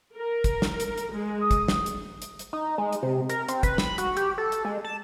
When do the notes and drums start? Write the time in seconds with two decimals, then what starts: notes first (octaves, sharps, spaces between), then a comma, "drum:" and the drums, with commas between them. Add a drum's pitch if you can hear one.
0.16 A#4
0.44 drum: kick, hi-hat
0.62 drum: snare
0.80 drum: hi-hat
0.98 drum: hi-hat
1.12 G#3
1.41 D#6
1.51 drum: kick, hi-hat
1.68 drum: snare
1.86 drum: hi-hat
2.22 drum: hi-hat
2.39 drum: hi-hat
2.53 D#4
2.78 G#3
2.93 drum: hi-hat
3.03 C3
3.29 A#4, drum: hi-hat
3.48 C4, drum: hi-hat
3.63 B4, drum: kick, hi-hat
3.78 B5, drum: snare
3.98 F#4, drum: hi-hat
4.17 G4, drum: hi-hat
4.38 A4
4.52 drum: hi-hat
4.65 G#3
4.84 A5